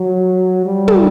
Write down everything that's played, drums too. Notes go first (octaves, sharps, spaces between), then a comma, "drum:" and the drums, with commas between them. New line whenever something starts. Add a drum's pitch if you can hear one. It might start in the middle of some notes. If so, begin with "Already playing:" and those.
Already playing: F#3
G3
drum: tom